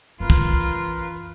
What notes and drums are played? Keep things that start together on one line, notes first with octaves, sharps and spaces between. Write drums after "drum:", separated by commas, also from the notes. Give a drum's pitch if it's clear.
F#2 E3 F4 A#4 B4
drum: kick